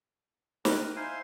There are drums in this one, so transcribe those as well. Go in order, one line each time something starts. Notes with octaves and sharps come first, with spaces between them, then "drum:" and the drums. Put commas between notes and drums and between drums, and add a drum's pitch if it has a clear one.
B4 G5 A#5 D#6 F6, drum: snare
D#4 E4 C5 F5 G#5 C6